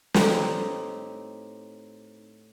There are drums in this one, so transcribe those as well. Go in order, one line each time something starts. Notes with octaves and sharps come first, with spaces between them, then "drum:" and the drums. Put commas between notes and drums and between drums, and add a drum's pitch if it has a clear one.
A2 C4 D#4 G4, drum: snare